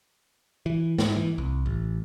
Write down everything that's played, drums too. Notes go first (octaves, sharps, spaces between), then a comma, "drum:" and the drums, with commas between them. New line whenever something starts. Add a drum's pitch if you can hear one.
E3
G#2, drum: snare
E3
C2
A1